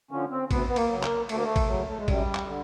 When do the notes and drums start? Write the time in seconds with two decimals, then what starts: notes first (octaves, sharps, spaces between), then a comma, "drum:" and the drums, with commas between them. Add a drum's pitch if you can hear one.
0.11 D3 F3 C#4
0.31 C4
0.51 D2 B3, drum: kick A1, cymbal
0.69 B3
0.76 A#3, drum: cymbal
0.90 C#3 F#3
1.03 A#3, drum: clap
1.29 D2 A3, drum: cymbal
1.37 A#3
1.44 A3
1.56 drum: kick A1, cymbal
1.68 C#3 F#3
1.88 A3
1.98 G#3
2.08 F#2 G3, drum: kick A1, cymbal
2.35 drum: clap
2.48 D3